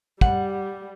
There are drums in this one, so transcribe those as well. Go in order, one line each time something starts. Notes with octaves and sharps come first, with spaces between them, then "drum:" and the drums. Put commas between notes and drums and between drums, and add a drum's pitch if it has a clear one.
G3 F#5, drum: kick